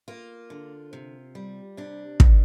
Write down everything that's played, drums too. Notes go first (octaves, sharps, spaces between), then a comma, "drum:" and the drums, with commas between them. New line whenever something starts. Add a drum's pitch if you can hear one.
A#3 F4
D3
C3
G3
C3 D4
D#3, drum: kick